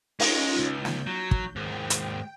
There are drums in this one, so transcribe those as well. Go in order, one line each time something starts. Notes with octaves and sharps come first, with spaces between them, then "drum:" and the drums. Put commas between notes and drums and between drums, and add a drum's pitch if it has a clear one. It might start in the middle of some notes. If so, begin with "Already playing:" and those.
G#3 C#4 D#4 F4, drum: open hi-hat
C#2 F#2 G6
drum: snare
F#3
drum: kick
D#2 G#2 G5
drum: hi-hat